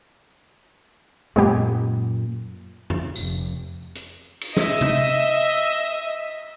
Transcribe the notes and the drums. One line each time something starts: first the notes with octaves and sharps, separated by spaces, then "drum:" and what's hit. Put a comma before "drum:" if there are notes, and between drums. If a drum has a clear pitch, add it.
F#2 A#2 G#3 B3 G4
drum: tom F2
F1, drum: tambourine
drum: hi-hat
drum: cymbal
D#5 E5, drum: snare
drum: tom C3